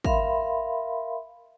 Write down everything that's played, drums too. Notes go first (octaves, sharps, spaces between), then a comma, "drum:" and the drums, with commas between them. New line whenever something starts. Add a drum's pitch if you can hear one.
A#4 E5 F5 B5 C6, drum: kick